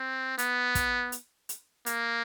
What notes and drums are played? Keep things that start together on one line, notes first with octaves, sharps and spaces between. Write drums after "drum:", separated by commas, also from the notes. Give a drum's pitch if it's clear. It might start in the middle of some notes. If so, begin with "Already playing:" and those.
Already playing: C4
B3, drum: hi-hat
drum: kick, hi-hat
drum: hi-hat
drum: hi-hat
A#3, drum: hi-hat